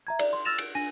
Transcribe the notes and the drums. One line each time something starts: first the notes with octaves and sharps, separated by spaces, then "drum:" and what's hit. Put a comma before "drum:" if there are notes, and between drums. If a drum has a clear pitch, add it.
E5 A#5 G#6
D5, drum: cymbal
C6
E6 F6 A6 A#6 E7 F7
D7, drum: cymbal
D4 G#5 A#6 D#7